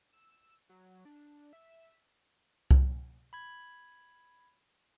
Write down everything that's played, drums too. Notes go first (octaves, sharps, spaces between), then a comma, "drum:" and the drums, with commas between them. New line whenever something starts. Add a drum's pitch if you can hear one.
E6
F#3
D4
E5
drum: kick C2
B5 G#6